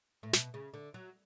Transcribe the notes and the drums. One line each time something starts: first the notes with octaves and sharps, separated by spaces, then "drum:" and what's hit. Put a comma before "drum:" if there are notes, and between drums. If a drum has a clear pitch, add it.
A2
B2, drum: snare
C#3
D3
F#3